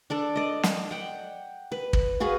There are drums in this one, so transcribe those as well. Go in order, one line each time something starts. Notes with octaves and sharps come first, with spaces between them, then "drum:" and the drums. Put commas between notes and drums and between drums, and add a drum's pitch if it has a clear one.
D4 A4 D5
D5 D#5
drum: snare
F#5 G5
B4
drum: kick
F#4 G#4 B4 F5